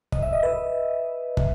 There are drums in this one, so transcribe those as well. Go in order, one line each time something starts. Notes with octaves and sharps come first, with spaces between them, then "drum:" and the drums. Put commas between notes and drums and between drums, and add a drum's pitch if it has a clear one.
D#5, drum: kick
E5
D#5
B4
drum: kick